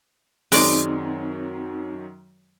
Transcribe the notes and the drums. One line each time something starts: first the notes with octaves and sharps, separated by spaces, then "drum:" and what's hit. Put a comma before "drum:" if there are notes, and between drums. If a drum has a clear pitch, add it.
F#2 D#3 F#3 G#3 C4 D#4 D5, drum: open hi-hat